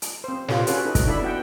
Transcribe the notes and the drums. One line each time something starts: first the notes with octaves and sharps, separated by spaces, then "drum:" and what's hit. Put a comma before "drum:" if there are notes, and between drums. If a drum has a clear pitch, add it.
drum: hi-hat
C4 C5
F4 G4 A4 B4 C#5, drum: snare
C#4 F#4 A4 B4 C#5, drum: hi-hat
D#4 A4 B4
drum: kick, hi-hat
D4 E4 A4 D5 E5 B5
B3 F#4 F#5 G5